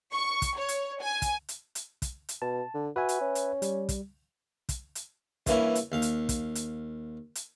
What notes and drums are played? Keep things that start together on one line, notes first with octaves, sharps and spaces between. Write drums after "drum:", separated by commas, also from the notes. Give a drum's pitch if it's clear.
C#6
drum: kick, hi-hat
C#5
drum: hi-hat
G#5
drum: kick, hi-hat
drum: hi-hat
drum: hi-hat
drum: kick, hi-hat
drum: hi-hat
B2 A5
D3
F#4 B4 E5 G#5
drum: hi-hat
C#4
drum: hi-hat
G3, drum: hi-hat
drum: kick, hi-hat
drum: kick, hi-hat
drum: hi-hat
G2 E3 A#3 C#4 E4, drum: kick, hi-hat
drum: hi-hat
D#2 F5
drum: hi-hat
drum: kick, hi-hat
drum: hi-hat
drum: hi-hat